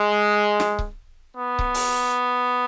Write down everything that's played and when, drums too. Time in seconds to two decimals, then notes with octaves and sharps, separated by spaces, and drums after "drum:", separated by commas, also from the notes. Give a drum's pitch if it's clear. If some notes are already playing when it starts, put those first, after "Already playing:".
Already playing: G#3
0.60 drum: snare
0.79 drum: kick C#1
1.37 B3
1.59 drum: kick C#1
1.74 drum: open hi-hat